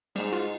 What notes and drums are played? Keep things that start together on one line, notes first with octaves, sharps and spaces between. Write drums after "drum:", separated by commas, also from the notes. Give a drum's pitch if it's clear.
G#2 G3, drum: cymbal
F4